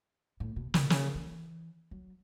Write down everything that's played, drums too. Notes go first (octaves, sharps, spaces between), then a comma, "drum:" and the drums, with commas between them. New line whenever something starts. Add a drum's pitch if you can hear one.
A2
B2
C#3, drum: snare
B2
C#3, drum: snare
E3
F#3